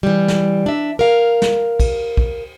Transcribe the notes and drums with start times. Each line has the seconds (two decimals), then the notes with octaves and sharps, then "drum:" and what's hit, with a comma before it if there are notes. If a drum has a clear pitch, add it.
0.03 E3 G3
0.28 drum: snare
0.66 D4 E5
0.99 A#4 F5
1.42 drum: snare
1.80 drum: kick, cymbal
2.17 drum: kick